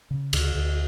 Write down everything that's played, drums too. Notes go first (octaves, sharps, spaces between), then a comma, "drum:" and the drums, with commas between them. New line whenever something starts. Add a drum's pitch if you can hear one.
C#3
D2 D3, drum: cymbal
D2